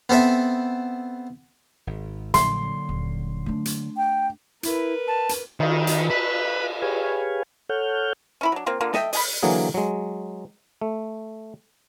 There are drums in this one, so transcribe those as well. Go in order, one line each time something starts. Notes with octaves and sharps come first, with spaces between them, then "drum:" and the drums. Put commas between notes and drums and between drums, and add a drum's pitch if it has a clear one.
B3 C4 A4 E5
G#1
A#1 D3 F#3 G3 A#3 C6, drum: hi-hat
D#1
A3 D4
drum: hi-hat
G5
E4 A#4 B4, drum: hi-hat
A5
drum: hi-hat
D#3, drum: cymbal
drum: hi-hat
B4
G4 G#4 B4 C#5 F5 G#5
A4 C#5 F#5 F6 G6
C#4 E4 B5
F#3 D4
A#3 C4 F4
D3 A#3 F4
A4 D#5 E5 G5, drum: snare
D#5 G#5 B5, drum: open hi-hat
D3 E3 F#3 A#3 G#4
F#3 G#3
A3